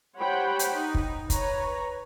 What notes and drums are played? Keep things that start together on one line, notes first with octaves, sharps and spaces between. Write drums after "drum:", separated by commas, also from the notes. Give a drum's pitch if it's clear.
G4 C5 C#5 F#5 G5 B5
drum: hi-hat
D#4
drum: kick
B4 C#5 A#5, drum: kick, hi-hat